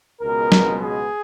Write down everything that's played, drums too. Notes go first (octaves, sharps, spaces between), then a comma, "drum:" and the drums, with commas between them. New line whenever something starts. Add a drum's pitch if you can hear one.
C#2 B2 G#3 B3 A#4
drum: snare
G#4